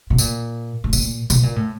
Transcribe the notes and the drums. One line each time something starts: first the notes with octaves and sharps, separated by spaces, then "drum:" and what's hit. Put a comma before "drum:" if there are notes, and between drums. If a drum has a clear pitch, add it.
B2
A#2, drum: tambourine
A2
A#2, drum: tambourine
B2, drum: tambourine
A#2
A2